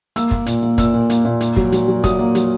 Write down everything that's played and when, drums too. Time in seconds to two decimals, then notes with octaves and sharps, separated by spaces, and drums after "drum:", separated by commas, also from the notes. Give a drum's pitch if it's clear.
0.16 A#3 E6, drum: hi-hat
0.31 A#3, drum: kick
0.46 A#2, drum: hi-hat
0.62 A#3
0.78 A#2 E6, drum: kick, hi-hat
0.94 A#2
1.10 A#3, drum: hi-hat
1.25 A#2
1.41 A#3, drum: hi-hat
1.56 F#3, drum: kick
1.72 F#3, drum: hi-hat
1.88 F#3
2.04 F#3 D#6, drum: kick, hi-hat
2.19 A#3
2.35 F#3, drum: hi-hat